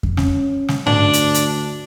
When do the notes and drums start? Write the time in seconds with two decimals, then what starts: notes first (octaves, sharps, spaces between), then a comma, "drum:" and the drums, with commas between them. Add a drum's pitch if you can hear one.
0.03 drum: kick F2
0.17 C#4, drum: snare
0.68 drum: snare
0.86 D2 D4, drum: tom G#2
1.13 drum: hi-hat
1.34 drum: hi-hat